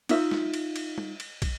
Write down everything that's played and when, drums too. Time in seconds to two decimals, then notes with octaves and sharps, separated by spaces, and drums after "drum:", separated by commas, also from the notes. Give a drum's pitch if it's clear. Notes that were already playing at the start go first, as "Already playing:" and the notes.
0.09 D#4 F4 E5, drum: cymbal
0.31 drum: snare
0.54 drum: cymbal
0.76 drum: cymbal
0.98 drum: tom G3
1.20 drum: cymbal
1.42 drum: kick, cymbal